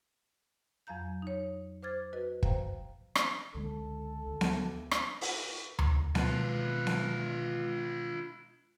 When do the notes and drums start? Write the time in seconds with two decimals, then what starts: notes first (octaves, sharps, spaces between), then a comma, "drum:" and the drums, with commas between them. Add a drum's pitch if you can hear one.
0.87 F2 F#3 F5 A#5 G6
1.22 D#4 C#5
1.83 C5 D6 F6 G#6 A6
2.13 F#4 B4 D#5
2.43 C5 F5 G5 A#5, drum: kick
3.15 drum: rim click
3.55 C#2 D3 G#3 A4
4.27 D2
4.41 drum: snare B3
4.91 drum: rim click
5.21 drum: open hi-hat
5.79 drum: tom D2
6.15 B2 D#3 G#3 F4 B4, drum: snare B3
6.87 drum: snare B3